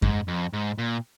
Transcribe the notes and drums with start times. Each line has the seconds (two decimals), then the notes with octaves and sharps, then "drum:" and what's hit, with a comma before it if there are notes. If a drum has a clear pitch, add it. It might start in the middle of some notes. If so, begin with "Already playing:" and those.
0.02 G#2, drum: kick F#2
0.28 F2
0.53 G#2
0.78 A#2